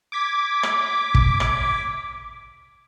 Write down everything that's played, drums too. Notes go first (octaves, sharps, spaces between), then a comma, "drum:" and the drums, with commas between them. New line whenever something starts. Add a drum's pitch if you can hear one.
D6 G#6 B6
drum: rim click
drum: kick
drum: rim click